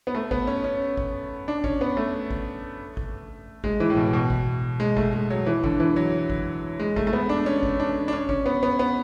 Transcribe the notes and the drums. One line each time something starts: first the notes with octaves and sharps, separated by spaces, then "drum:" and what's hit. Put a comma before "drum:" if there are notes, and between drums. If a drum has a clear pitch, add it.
B3
A3
B3, drum: kick G#1
C#4
C#4
drum: kick G#1
D4
C#4, drum: kick G#1
B3
A3
drum: kick G#1
drum: kick G#1
G#3, drum: kick G#1
E3
A2
B2
B2
drum: kick G#1
G#3
A3, drum: kick G#1
G#3
F#3
E3
D3, drum: kick G#1
E3
F#3
drum: kick G#1
G#3
A3, drum: kick G#1
A3
B3
D4
C#4
drum: kick G#1
D4
D4
C#4
C#4, drum: kick G#1
B3
B3
B3